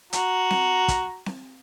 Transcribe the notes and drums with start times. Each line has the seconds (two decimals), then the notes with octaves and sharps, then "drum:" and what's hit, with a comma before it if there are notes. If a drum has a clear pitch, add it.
0.13 F#4 A#5, drum: hi-hat
0.50 drum: snare C4
0.88 drum: kick, hi-hat
1.26 drum: snare C4